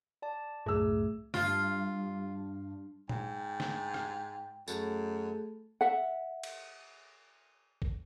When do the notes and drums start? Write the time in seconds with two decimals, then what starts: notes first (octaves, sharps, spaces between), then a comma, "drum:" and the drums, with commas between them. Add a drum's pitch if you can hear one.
0.22 D5 A5
0.66 C2 F#2 A2 A3 G#4 E6
1.34 G2 F4, drum: snare
3.09 G#2 G5, drum: tom A#2
3.60 drum: snare
3.94 drum: rim click
4.68 F#2 A3 G#4 A4, drum: tambourine
5.81 E5 F#5
6.43 drum: cymbal
7.82 drum: kick